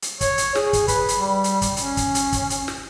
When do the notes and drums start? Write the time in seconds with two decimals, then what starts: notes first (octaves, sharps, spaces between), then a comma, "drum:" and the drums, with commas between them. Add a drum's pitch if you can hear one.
0.02 drum: hi-hat
0.21 C#5, drum: kick, hi-hat
0.38 drum: hi-hat
0.55 G#4, drum: snare
0.73 drum: kick, hi-hat
0.88 B4, drum: kick, hi-hat
1.09 drum: hi-hat
1.18 G3
1.44 drum: hi-hat
1.62 drum: kick, hi-hat
1.77 C#4, drum: hi-hat
1.97 drum: kick, hi-hat
2.15 drum: hi-hat
2.32 drum: kick, hi-hat
2.50 drum: hi-hat
2.68 drum: snare